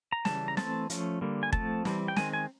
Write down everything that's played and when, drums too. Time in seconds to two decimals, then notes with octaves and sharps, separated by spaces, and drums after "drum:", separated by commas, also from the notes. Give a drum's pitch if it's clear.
0.12 A#5
0.25 C#3 E3 G3 A5, drum: snare
0.48 A#5
0.57 E3 A3 C4 A5, drum: snare
0.90 F3 A3 C#4, drum: hi-hat
1.21 D3 G3 A#3
1.43 G#5
1.53 F3 A3 C4 A5, drum: kick
1.85 E3 G3 C4, drum: snare
2.08 G5
2.16 D#3 G#3 C4 G#5, drum: snare
2.33 G#5